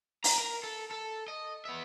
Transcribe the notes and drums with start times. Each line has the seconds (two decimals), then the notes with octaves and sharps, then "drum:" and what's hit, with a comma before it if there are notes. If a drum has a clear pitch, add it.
0.24 A#5, drum: open hi-hat
0.38 A#4
0.63 A4
0.91 A4
1.28 D#5
1.65 B3 E5